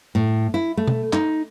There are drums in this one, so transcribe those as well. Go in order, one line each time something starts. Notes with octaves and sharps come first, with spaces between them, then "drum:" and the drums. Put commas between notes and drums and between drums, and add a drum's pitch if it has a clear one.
A2
E4
A3
drum: tom B2
D#4, drum: clap